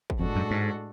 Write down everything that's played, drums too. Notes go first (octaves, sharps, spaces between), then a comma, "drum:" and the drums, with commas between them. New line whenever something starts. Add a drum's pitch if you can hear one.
drum: kick
F2 A2 G#3 D4 F#4 A4
F#2
G#2